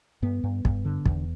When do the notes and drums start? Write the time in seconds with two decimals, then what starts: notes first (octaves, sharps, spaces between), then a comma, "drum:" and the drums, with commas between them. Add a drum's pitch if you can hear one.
0.22 G2 B3
0.44 G2
0.65 G2, drum: kick
0.85 D3
1.05 E2, drum: kick